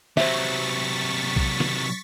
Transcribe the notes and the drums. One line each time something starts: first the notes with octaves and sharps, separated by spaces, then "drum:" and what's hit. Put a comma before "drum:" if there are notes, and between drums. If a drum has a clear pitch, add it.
C3 F#3 C5 E5 C#6 A6 B6, drum: snare
drum: kick A#1
drum: snare